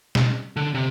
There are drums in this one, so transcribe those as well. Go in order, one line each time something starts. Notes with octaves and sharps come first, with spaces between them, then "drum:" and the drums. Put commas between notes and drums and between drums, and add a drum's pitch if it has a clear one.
drum: snare
D3
C3